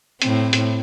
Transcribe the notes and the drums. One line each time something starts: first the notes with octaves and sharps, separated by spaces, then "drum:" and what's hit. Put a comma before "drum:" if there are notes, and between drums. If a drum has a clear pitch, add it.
A2 C4, drum: hi-hat
drum: hi-hat